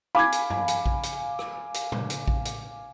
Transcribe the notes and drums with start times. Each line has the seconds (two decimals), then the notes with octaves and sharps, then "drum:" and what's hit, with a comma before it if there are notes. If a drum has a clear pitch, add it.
0.15 F5 G#5 B5 D6 G#6
0.32 drum: hi-hat
0.50 drum: tom G2
0.68 drum: hi-hat
0.86 drum: kick A#1
1.03 drum: hi-hat
1.39 drum: rim click
1.74 drum: hi-hat
1.92 drum: tom A2
2.10 drum: hi-hat
2.28 drum: kick A#1
2.45 drum: hi-hat